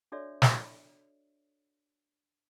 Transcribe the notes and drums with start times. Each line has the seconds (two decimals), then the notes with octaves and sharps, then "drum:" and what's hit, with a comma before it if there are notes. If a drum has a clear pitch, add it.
0.12 D4 F#4 A4 C#5 D5 E5
0.42 drum: snare